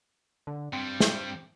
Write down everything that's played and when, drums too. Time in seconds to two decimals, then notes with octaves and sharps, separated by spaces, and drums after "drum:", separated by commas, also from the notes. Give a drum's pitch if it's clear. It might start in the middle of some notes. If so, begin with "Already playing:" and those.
0.47 D3
0.73 G2 G3 C4
1.00 drum: snare